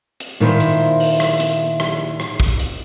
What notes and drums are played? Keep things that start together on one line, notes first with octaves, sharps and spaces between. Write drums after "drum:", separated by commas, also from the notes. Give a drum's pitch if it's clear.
drum: hi-hat
A#2 D#3 E4 C5
drum: hi-hat
drum: open hi-hat
drum: rim click
drum: hi-hat
drum: rim click
drum: rim click
drum: kick
drum: hi-hat